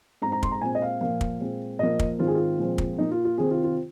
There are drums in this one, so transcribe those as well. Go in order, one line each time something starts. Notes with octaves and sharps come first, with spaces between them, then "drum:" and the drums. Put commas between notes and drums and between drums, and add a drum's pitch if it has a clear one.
G#2 G#3 C4 A#5
A#5
C6, drum: kick
A#5
A#2 G#3 C4 G#5
D#5
F5
A#2 F3 A#3 F5
drum: kick
A#2 G#3 C4
A#2 F3 A#3 D#5
drum: kick
G#2 D#3 C4 F4
G#4
F4
A#2 F3 G#3 C4
drum: kick
A#2 A#3 D#4
F4
F4
C3 D#3 C4 G#4
F4
F4